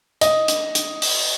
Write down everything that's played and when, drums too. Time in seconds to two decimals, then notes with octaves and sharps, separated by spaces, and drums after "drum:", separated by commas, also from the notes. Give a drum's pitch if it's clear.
0.21 D#5, drum: hi-hat
0.48 drum: hi-hat
0.75 drum: hi-hat
1.02 drum: open hi-hat